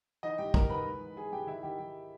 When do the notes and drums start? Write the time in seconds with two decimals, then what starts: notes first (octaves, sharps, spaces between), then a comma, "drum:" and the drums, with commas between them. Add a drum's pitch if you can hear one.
0.23 E3 D#4 D#5
0.38 G#2 G4 G5
0.54 G#2 A#4 A#5, drum: kick
0.70 G#2 B4 B5
0.85 G#2
1.00 E3
1.16 E3 G#4 G#5
1.32 G#2 G4 G5
1.47 D#3 E4 E5
1.63 D#3 G4 G5
1.78 D#3 G4 G5